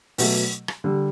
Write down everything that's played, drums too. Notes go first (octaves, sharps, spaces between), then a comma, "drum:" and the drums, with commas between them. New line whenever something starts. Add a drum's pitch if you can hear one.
B2 F#3 A3, drum: open hi-hat
drum: rim click
D3 G3